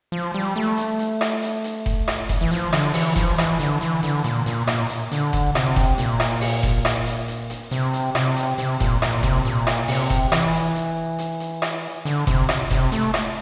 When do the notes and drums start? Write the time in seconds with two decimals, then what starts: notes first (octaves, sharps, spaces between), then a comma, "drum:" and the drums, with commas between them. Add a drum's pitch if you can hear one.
0.12 F3
0.34 G3
0.56 A3
0.77 drum: hi-hat
0.99 drum: hi-hat
1.21 drum: rim click
1.42 drum: hi-hat
1.64 drum: hi-hat
1.86 drum: kick F1, hi-hat
2.08 drum: rim click
2.29 drum: kick F1, hi-hat
2.41 E3
2.51 F3, drum: hi-hat
2.73 D3, drum: rim click
2.94 E3, drum: open hi-hat
3.16 F3, drum: kick F1, hi-hat
3.38 E3, drum: rim click
3.59 D3, drum: hi-hat
3.81 E3, drum: hi-hat
4.03 D3, drum: hi-hat
4.24 A#2, drum: hi-hat
4.46 A#2, drum: hi-hat
4.67 A#2, drum: rim click
4.89 drum: hi-hat
5.12 D3, drum: hi-hat
5.33 drum: kick F1, hi-hat
5.55 C3, drum: rim click
5.76 drum: kick F1, hi-hat
5.98 A#2, drum: hi-hat
6.20 drum: rim click
6.41 drum: open hi-hat
6.63 drum: kick F1, hi-hat
6.85 drum: rim click
7.06 drum: hi-hat
7.28 drum: hi-hat
7.50 drum: hi-hat
7.71 C3, drum: hi-hat
7.93 drum: hi-hat
8.15 C3, drum: rim click
8.37 drum: hi-hat
8.58 C3, drum: hi-hat
8.80 A#2, drum: kick F1, hi-hat
9.02 A#2, drum: rim click
9.23 C3, drum: kick F1, hi-hat
9.45 A#2, drum: hi-hat
9.67 drum: rim click
9.88 C3, drum: open hi-hat
10.10 drum: kick F1, hi-hat
10.32 E3, drum: rim click
10.53 drum: hi-hat
10.75 drum: hi-hat
11.18 drum: hi-hat
11.40 drum: hi-hat
11.62 drum: rim click
12.05 D3, drum: hi-hat
12.27 C3, drum: kick F1, hi-hat
12.49 drum: rim click
12.71 C3, drum: kick F1, hi-hat
12.92 A3, drum: hi-hat
13.14 drum: rim click